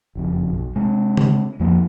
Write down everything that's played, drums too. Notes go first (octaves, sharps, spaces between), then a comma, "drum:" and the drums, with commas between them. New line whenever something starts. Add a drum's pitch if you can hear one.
F#1 F2
B1
C3 G#3
drum: tom C#3
F2 F3 A#3